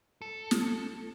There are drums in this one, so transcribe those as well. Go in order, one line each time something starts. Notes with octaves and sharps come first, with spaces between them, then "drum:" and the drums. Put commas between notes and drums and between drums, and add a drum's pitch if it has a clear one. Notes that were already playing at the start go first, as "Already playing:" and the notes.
A4
drum: snare